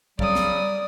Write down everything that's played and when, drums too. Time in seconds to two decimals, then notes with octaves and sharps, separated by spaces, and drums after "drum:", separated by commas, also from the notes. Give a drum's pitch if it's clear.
0.19 C#3 F#3 G3 D5 D#6, drum: kick
0.35 drum: snare